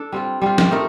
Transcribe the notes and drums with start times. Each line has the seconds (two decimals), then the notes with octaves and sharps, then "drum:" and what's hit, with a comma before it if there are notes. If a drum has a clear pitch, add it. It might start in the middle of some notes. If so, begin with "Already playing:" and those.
Already playing: D4 A4
0.12 G3 C4 F4
0.42 G3 C4 F4
0.58 drum: snare
0.71 A3 D#4 A#4